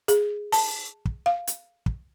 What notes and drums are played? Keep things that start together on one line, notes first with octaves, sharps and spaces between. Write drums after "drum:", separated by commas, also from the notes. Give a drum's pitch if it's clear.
G#4, drum: hi-hat
A5, drum: open hi-hat
drum: kick
F5
drum: hi-hat
drum: kick